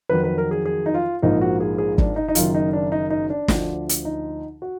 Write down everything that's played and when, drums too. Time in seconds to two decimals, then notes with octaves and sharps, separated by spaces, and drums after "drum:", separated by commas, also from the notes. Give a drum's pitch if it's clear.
0.09 F2 D#3 F#3 B4
0.24 B4
0.38 A#4
0.51 G#4
0.65 G#4
0.86 D#4
0.94 F4
1.22 A#1 G#2 F3 A#3 D#4
1.41 F#4
1.60 G#4
1.78 G#4
1.98 D4, drum: kick
2.16 D#4
2.28 D#4
2.35 F#1 F#2 D#3 F4, drum: hi-hat
2.55 D#4
2.73 D4
2.92 D#4
3.10 D#4
3.30 D4
3.48 D2 D3 F3, drum: snare
3.89 drum: hi-hat
4.05 D#4
4.62 F#4